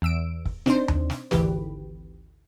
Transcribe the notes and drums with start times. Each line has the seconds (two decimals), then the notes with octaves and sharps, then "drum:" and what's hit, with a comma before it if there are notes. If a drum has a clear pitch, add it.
0.02 E2 E6 D7
0.45 drum: kick
0.66 C4 D4 D#4 C5, drum: snare
0.88 drum: tom D#2
1.10 drum: snare
1.31 G#1 D2 E3 G4 B4, drum: snare